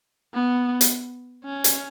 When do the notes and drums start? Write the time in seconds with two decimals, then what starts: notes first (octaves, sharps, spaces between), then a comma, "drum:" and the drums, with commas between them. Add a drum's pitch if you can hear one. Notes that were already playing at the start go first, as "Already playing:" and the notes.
0.34 B3
0.81 drum: hi-hat
1.45 C#4
1.64 drum: hi-hat